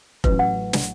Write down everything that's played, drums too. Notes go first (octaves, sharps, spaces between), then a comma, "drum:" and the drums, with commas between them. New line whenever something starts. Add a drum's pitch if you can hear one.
A1 A2 F#3 C#4 B4, drum: kick F1
F#5
drum: snare